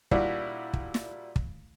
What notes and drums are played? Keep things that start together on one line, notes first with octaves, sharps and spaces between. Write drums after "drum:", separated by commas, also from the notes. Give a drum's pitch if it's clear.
A#2 G3 D4 E4 F#4, drum: kick
drum: kick
drum: snare
drum: kick